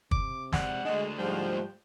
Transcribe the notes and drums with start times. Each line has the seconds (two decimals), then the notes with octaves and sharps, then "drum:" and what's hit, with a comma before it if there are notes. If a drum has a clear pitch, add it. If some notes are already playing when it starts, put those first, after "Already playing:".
0.11 C3 D6, drum: kick
0.53 G#3 D5 F#5, drum: snare
0.85 G#3 A3 D4 D#5
1.18 G#2 F3 G3 G5